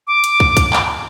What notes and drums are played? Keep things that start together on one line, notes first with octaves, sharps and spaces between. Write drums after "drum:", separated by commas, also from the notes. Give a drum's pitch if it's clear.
D6
drum: hi-hat
drum: kick
drum: kick, hi-hat
drum: clap